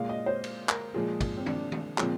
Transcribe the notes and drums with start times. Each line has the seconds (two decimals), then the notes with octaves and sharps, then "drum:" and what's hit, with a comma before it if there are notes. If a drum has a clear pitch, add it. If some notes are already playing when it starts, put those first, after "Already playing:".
Already playing: A#2 G#3 F5
0.09 D#5
0.26 C5
0.44 drum: cymbal
0.69 A#4, drum: clap
0.94 A#2 F3 G#3 G#4
1.21 drum: kick, cymbal
1.37 C4
1.46 D4, drum: tom D#3
1.72 drum: tom D#3
1.98 A#2 F3 G#3 C4, drum: clap